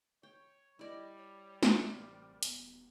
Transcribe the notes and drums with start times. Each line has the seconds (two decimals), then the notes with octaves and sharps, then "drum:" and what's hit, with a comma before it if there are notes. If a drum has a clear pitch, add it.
0.23 C#5 G5
0.79 G3 E4 D5 D#5
1.17 C#5
1.63 drum: snare
1.77 A1 C3 A#4 C6
2.43 D#1 B3, drum: hi-hat